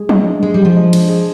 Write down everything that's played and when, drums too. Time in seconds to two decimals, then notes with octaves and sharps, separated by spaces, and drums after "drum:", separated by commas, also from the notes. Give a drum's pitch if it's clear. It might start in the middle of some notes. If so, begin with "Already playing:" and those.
Already playing: G#3 G#4
0.09 D#5, drum: tom F3
0.26 D4
0.43 G#3 G#4
0.54 G3
0.59 G#3
0.65 F3
0.77 D#5
0.93 D4, drum: cymbal
1.09 G#4